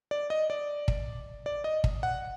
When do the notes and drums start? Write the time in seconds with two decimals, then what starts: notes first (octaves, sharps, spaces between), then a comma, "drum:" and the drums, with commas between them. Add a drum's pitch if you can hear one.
0.11 D5
0.30 D#5
0.50 D5
0.88 drum: kick
1.46 D5
1.64 D#5
1.84 drum: kick
2.03 F#5